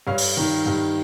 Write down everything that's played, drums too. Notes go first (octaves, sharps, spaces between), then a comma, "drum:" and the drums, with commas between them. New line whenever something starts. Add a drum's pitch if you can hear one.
G2 C#5 F5
drum: open hi-hat
D#3
G2